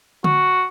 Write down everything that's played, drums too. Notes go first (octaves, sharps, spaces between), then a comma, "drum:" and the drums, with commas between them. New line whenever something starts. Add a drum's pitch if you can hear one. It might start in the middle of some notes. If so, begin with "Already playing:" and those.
F#4, drum: tom D3